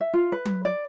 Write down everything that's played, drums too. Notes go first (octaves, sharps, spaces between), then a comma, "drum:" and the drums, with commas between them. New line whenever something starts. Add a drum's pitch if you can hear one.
E5
F4
B4
drum: tom F#3
D5